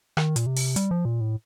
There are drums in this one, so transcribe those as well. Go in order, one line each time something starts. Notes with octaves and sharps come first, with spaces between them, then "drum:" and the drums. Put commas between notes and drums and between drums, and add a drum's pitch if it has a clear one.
D#3, drum: rim click
A#2, drum: hi-hat
C3
drum: open hi-hat
G3, drum: hi-hat
F3
A#2
A2